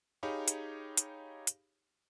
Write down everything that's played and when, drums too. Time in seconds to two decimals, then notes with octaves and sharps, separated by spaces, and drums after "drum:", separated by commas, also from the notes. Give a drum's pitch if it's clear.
0.23 D#4 G4 G#4 C#5 F5 B5
0.48 drum: hi-hat
0.97 drum: hi-hat
1.47 drum: hi-hat